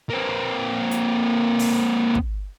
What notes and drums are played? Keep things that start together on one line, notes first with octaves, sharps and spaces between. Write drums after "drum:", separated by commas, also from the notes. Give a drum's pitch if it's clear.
A#3 C4
drum: hi-hat
drum: open hi-hat
drum: kick